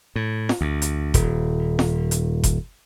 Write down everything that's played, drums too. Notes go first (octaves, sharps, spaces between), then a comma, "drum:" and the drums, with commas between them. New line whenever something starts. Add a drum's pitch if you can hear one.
A2
drum: snare
D2
drum: hi-hat
D#1, drum: kick F#1, hi-hat
drum: snare
drum: hi-hat
drum: kick F#1, hi-hat